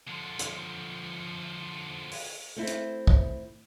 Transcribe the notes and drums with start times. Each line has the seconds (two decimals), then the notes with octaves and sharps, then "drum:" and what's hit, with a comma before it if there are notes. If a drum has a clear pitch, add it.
0.08 D3 F3
0.39 drum: hi-hat
2.11 drum: open hi-hat
2.56 A3 C4 E4
2.67 drum: hi-hat
3.07 drum: kick